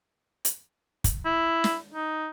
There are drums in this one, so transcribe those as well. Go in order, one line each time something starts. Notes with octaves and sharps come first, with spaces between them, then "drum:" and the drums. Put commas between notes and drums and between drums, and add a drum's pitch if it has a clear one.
drum: hi-hat
drum: kick, hi-hat
E4
drum: snare
D#4